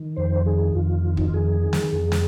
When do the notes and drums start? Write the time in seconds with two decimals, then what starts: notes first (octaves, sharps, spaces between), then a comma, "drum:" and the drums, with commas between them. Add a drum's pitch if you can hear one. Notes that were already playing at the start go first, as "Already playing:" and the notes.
Already playing: D#3
0.16 F2 C5
0.46 D#3 G#4
0.75 F2 F4
1.04 D#3
1.17 D#4, drum: kick
1.26 F4
1.34 F2 G#4
1.63 D#3
1.73 drum: snare
1.93 F2
2.12 drum: snare